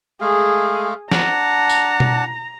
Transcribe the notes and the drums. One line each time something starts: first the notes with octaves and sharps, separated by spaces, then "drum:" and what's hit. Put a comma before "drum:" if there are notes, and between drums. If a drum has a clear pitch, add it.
G#3 A3 G#4 F5
D4 F#5 A5 A#5, drum: snare
drum: tambourine
drum: tom B2